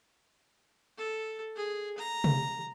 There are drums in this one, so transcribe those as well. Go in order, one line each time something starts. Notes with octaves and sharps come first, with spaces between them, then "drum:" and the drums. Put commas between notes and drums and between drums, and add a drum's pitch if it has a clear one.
A4
G#4
A#5
drum: tom C3